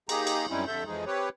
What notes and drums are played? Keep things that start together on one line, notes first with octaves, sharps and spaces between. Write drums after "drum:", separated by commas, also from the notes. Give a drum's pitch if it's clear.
A#3 D#4 G4 G#4 A#5, drum: cymbal
drum: cymbal
F#2 G3 C4 C#4 D#4 E4
F2 D3 A4 E5 G6
F2 E3 F3 G#3 D#4 G#4
C4 G4 B4 C#5